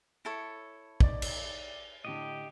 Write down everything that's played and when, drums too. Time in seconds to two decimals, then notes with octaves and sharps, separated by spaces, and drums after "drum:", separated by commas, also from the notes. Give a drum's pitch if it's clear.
0.25 E4 A4 C#5
1.00 D#4 D5, drum: kick
1.22 drum: cymbal
2.05 A2 D3 G4 D#5